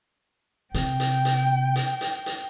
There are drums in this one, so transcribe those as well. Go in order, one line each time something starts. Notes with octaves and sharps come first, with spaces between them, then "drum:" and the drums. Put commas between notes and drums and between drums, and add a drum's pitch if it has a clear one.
C3 G5, drum: hi-hat
drum: hi-hat
drum: hi-hat
drum: hi-hat
drum: hi-hat
drum: hi-hat